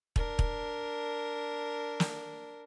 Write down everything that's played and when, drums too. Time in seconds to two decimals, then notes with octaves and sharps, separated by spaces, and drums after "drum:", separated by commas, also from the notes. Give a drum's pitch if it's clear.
0.16 D4 A#4, drum: kick
0.39 drum: kick
2.00 drum: snare